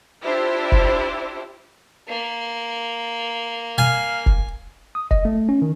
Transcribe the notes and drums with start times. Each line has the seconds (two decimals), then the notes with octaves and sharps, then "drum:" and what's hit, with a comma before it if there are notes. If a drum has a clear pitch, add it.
0.24 D4 E4 F4 G4 C5
0.72 drum: kick F1
2.08 A#3
3.78 F5 G#5
4.26 drum: kick F1
4.95 D#6
5.11 D#5, drum: kick F1
5.25 A3
5.49 C#4
5.62 D#3